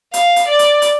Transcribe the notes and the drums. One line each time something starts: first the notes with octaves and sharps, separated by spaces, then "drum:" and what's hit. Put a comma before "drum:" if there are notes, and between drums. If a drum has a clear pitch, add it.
F5, drum: hi-hat
drum: hi-hat
D5
drum: hi-hat
drum: hi-hat